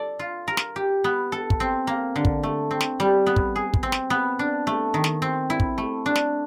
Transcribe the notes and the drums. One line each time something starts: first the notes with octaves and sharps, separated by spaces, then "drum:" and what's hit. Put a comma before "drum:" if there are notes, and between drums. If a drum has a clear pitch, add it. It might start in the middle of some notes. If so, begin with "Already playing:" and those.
Already playing: A4 D5
F4
A#4
drum: snare
G4
B3
A4
drum: kick
C4
A#3
D3
drum: kick
A3
C4
drum: snare
G3
B3
drum: kick
G#4
drum: kick
C4
drum: snare
B3
D4
A3
D#3
drum: snare
C4
E4
drum: kick
A3
D4
drum: snare